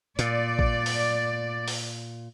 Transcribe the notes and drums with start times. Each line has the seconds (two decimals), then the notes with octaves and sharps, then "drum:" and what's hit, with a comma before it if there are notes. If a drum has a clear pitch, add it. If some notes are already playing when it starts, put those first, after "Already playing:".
0.19 A#2 D5, drum: hi-hat
0.59 drum: kick A1
0.86 drum: open hi-hat
1.68 drum: open hi-hat